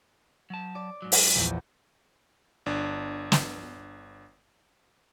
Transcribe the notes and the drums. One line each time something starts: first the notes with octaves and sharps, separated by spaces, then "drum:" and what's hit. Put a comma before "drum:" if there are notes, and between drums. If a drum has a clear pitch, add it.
F#3 A5
D5 D6
G#2 F#3
drum: open hi-hat
A#1 E2
G1 D4
drum: snare